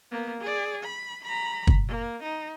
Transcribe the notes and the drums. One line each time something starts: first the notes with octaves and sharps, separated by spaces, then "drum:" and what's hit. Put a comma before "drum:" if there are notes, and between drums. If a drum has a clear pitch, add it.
A#3 B3
G#4 D5
B5
A#5 B5
drum: kick
A#3
D#4